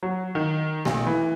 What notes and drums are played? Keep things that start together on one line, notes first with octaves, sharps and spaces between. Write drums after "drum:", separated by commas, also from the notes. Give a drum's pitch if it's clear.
F#3
D#3
B1, drum: snare A3
E3